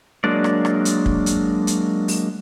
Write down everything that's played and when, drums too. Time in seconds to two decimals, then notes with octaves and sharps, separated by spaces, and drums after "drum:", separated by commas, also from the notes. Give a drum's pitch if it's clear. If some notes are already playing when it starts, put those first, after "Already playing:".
0.24 F#3 G#3 A#3 D4 D5
0.44 drum: rim click
0.65 drum: rim click
0.85 drum: hi-hat
1.06 drum: kick
1.26 drum: hi-hat
1.67 drum: hi-hat
2.08 drum: open hi-hat